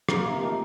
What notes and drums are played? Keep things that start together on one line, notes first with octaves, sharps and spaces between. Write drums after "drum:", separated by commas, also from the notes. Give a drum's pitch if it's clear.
A#3 F4 A#4, drum: rim click
C3
D#3 A3